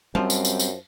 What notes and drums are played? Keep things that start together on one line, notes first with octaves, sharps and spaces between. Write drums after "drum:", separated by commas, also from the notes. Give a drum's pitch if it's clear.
F#2 F3 G3 A3 C4
drum: tambourine
drum: tambourine
drum: tambourine